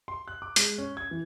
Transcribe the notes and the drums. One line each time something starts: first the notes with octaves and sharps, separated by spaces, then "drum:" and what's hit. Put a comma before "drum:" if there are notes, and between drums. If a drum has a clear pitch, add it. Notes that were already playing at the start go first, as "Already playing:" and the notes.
C6
F#6
D6
G#3, drum: hi-hat
C#4
G#6
E3